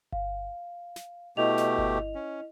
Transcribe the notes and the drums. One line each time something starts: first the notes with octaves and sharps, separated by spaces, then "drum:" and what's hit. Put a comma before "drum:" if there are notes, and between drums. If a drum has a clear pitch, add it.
F5, drum: kick G1
drum: snare
B2 A3 E4 G4 D#5 F7
drum: snare
drum: kick G1
C#4